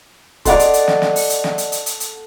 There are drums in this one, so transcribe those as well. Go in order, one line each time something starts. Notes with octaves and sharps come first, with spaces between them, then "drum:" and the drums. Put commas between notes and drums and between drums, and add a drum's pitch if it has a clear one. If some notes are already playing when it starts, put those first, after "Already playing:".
A4 D5 D#5 F#5 C6 D6, drum: kick, hi-hat
drum: hi-hat
drum: hi-hat
drum: snare
drum: snare
drum: open hi-hat
drum: hi-hat
drum: snare
drum: hi-hat
drum: hi-hat
drum: hi-hat
drum: hi-hat